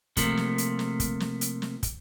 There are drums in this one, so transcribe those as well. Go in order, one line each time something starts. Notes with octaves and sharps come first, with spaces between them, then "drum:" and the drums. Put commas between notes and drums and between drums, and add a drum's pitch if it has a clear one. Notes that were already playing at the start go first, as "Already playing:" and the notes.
C3 F3 A3 A#3, drum: kick, hi-hat
drum: snare
drum: hi-hat
drum: snare
drum: kick, hi-hat
drum: snare
drum: hi-hat
drum: snare
drum: kick, hi-hat